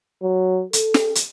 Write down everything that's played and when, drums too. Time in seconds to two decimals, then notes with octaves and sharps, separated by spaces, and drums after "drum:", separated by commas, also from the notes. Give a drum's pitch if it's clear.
0.22 F#3
0.73 A4, drum: hi-hat
0.94 drum: snare
1.15 drum: hi-hat